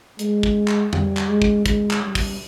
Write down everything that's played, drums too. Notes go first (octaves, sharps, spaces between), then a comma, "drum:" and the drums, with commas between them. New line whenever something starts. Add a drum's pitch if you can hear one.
G#3, drum: hi-hat
drum: kick
drum: clap
G3, drum: tom F2
drum: clap
G#3
drum: kick
G#3, drum: kick, hi-hat
drum: clap
G3
drum: kick, open hi-hat